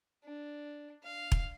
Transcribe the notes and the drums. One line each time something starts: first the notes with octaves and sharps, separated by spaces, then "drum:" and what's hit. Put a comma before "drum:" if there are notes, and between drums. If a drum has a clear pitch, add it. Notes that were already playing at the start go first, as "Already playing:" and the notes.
D4
F5
drum: kick E1